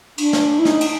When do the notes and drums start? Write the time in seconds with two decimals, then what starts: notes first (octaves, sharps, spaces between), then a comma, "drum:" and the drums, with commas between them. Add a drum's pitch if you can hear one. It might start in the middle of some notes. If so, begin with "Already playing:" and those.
0.18 D4, drum: cymbal
0.33 drum: snare
0.59 E4
0.65 D#4, drum: snare
0.81 drum: cymbal